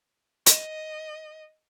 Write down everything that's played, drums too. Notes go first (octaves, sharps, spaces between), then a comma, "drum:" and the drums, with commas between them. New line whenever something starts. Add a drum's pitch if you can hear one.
D#5, drum: hi-hat